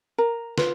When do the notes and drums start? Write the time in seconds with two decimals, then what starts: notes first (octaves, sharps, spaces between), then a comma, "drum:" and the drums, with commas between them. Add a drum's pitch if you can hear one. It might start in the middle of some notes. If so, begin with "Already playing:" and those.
0.18 A#4 A#5
0.58 F4 B4, drum: snare